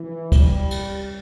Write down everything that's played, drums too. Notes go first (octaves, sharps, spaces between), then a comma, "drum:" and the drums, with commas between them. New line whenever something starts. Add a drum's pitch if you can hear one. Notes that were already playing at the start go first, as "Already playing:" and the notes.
Already playing: E3
G3, drum: kick, cymbal
drum: cymbal